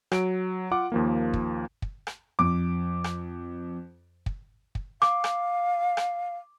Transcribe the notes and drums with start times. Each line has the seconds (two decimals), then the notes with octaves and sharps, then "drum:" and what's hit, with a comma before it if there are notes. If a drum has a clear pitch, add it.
0.12 F#3 D7, drum: rim click
0.71 F4 F#5 D6
0.92 D#2 F3 A#3
1.34 drum: kick
1.82 drum: kick
2.07 drum: rim click
2.39 F2 D6
3.04 drum: rim click
4.26 drum: kick
4.75 drum: kick
5.02 F5 D6, drum: rim click
5.24 drum: rim click
5.97 drum: rim click